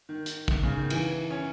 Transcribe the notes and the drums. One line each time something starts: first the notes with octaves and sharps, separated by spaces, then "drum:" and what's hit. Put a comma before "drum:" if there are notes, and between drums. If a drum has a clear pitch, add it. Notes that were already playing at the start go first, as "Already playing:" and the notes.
D#3
drum: hi-hat
drum: kick
C#3
D#3
E3, drum: cymbal
C#4